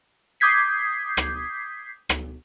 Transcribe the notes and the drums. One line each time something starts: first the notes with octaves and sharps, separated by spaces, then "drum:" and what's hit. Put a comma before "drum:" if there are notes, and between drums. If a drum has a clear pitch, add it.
D6 D#6 G6 G#6 B6 C7
drum: rim click
drum: rim click